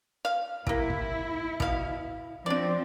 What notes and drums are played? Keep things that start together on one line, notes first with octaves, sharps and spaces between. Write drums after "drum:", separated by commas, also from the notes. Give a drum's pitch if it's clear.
F5
C3 A#3 E4, drum: kick
drum: kick
B2 F5, drum: kick
F3 C4 D4 D5